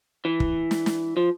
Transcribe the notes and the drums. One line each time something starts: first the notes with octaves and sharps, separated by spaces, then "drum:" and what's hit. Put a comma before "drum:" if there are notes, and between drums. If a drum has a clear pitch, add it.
E3
drum: kick
drum: snare
drum: snare
F3